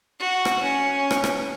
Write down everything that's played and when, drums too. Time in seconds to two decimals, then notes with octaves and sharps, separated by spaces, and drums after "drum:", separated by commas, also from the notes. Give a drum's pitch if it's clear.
0.19 F#4
0.45 drum: rim click
0.62 C#4
1.11 drum: rim click
1.24 drum: rim click